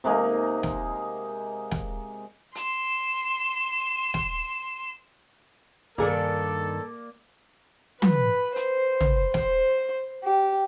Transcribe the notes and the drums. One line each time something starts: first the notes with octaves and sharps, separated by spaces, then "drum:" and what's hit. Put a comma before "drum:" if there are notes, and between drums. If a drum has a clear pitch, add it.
C3 G#3 A#3 D#4
drum: snare
drum: snare
C6 E7, drum: hi-hat
drum: snare
C2 G2 D#3 A#3 G#4 A4 D5 C#7
B4, drum: tom
C5, drum: hi-hat
drum: tom
C5, drum: snare
G4